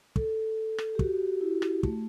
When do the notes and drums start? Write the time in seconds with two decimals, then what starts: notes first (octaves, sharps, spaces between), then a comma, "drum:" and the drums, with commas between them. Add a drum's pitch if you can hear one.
0.16 A4, drum: kick
0.78 drum: rim click
0.95 G4
0.99 F#4, drum: kick
1.41 E4
1.62 drum: rim click
1.83 A3, drum: kick